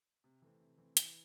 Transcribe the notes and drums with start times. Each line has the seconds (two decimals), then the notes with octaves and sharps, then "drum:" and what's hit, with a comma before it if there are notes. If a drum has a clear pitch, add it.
0.24 C3
0.42 E3 A3 C4
0.60 C3
0.78 E3 A3 C4
0.97 E3, drum: hi-hat